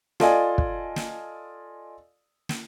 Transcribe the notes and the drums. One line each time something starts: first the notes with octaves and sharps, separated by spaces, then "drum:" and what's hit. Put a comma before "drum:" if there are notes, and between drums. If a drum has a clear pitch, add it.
F4 A4 D5 D#5 F5 G#5, drum: snare
drum: kick
drum: snare
drum: snare